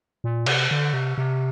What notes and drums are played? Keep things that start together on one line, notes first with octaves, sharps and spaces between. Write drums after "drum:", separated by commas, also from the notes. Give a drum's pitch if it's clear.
A#2
C3, drum: cymbal
D3
C3
C3